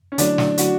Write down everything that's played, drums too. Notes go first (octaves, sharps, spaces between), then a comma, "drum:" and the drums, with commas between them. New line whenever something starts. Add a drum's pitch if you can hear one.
C#4
D3 F#3 A3 D4 E4, drum: hi-hat
drum: snare
F#4, drum: hi-hat